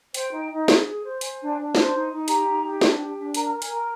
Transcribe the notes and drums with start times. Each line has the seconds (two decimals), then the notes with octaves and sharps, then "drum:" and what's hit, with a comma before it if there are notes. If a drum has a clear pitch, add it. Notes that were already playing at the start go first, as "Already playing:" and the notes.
0.14 C5 G5, drum: hi-hat
0.33 D#4
0.51 D#4
0.68 G#4, drum: snare
0.86 G#4
1.04 C5
1.21 C5 G#5, drum: hi-hat
1.39 D4
1.57 D4
1.75 C5, drum: snare
1.93 D#4
2.11 D#4
2.28 G4 A#5, drum: hi-hat
2.46 D#4
2.64 G4
2.81 D4, drum: snare
2.99 G4
3.17 D4
3.34 A#4 A#5, drum: hi-hat
3.52 A#4
3.62 G#5, drum: hi-hat
3.70 A#4